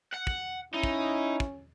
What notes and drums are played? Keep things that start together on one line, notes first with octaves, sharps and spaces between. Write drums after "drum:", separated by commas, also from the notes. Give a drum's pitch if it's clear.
F#5
drum: kick
C#4 D#4 E4
drum: kick
drum: kick